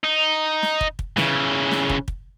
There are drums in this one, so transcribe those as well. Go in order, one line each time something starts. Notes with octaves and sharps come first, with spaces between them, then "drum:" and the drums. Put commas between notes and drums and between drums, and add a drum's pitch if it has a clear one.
D#4
drum: snare
drum: kick
drum: kick
C#3 E3, drum: snare
drum: snare
drum: kick
drum: kick